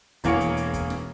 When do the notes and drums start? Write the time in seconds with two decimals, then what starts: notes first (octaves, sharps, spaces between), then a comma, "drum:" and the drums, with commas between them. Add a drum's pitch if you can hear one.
0.24 E1 E3 A#3 G#4 C#5 C#7, drum: kick, hi-hat
0.40 drum: hi-hat
0.57 drum: hi-hat
0.74 drum: kick, hi-hat
0.90 drum: snare